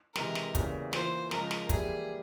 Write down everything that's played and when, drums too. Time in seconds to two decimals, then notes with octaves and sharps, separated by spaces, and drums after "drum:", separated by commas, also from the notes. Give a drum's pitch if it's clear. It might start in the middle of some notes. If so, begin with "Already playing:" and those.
0.16 C3 E3 G#3 A#4, drum: snare
0.35 drum: snare
0.55 E2 C#3 E3 G3 A#3, drum: kick, hi-hat
0.93 E3 A#3 F4 C5, drum: snare
1.31 C#3 F3 G#3 A#4, drum: snare
1.51 drum: snare
1.69 E3 G3 A#3 E4 G4 G#4, drum: kick, hi-hat